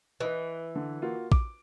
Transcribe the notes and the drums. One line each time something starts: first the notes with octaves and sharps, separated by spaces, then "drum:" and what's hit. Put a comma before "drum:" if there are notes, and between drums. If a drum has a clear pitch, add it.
E3 B4 D#5
D3
A#3 F4 F#4
D6, drum: kick